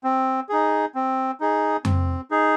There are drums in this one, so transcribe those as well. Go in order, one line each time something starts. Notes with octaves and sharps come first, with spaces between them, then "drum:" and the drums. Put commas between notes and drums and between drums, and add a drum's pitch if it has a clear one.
C4
D#4 G#4
C4
D#4 G#4
C4, drum: tom F2
D#4 G#4